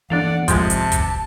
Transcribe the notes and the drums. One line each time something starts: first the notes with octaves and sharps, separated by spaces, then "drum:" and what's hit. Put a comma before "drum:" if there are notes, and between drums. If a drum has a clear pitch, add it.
E3 A#3 B3 D4 A4 D5 F5 F#5
G#1 C3 F3 G#3 A5, drum: kick, hi-hat
drum: hi-hat
drum: kick, hi-hat